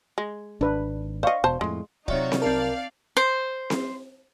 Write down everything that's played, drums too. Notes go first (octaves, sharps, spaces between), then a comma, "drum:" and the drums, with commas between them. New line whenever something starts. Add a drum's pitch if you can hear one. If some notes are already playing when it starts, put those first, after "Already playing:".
G#3
G#1 D4 B4
C5 D5 D#5 F5 C#6
E1 B2 C5 A5
F2 A2 G#3
C3 F#3 D#4 F4 F#4 C#5 D5 E5, drum: kick
drum: snare C4
C2 C4 A#4 D5 F5 A5
C5
drum: snare C4